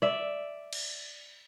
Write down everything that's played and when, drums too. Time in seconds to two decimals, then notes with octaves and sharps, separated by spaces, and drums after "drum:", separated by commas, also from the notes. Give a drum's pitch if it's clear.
0.02 D5 E5
0.73 drum: cymbal